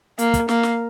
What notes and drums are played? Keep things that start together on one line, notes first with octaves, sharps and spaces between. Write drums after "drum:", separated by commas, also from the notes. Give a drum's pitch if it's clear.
A#3, drum: hi-hat
drum: kick, hi-hat
A#3, drum: snare
drum: snare